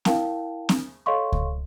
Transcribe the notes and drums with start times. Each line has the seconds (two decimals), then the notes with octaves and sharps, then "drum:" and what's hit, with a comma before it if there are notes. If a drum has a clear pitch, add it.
0.05 E4 A#4 F5 G5 A5, drum: snare
0.69 drum: snare
1.06 A4 C#5 D#5 F5 C6 C#6
1.32 drum: kick C#2